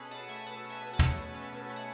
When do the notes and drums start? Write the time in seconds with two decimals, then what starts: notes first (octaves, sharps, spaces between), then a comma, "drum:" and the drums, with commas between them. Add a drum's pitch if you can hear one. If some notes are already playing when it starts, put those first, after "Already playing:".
Already playing: B2 C#4 G#4 A4 B4
0.11 B2 F#5 A5
0.29 A3 E5 G#5
0.39 G#5
0.46 B2 F#5 A5
0.64 C#4
0.70 E5 G#5
0.82 B2
0.94 F#5 A5
0.99 A3, drum: tom
1.17 B2
1.35 C#4
1.52 B2
1.70 A3
1.76 F#5